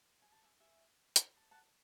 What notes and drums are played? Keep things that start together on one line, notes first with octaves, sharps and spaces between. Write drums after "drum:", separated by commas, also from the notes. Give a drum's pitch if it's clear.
G#5
A5
E5 G#5
E5 G#5
drum: hi-hat
A5
F#5 A5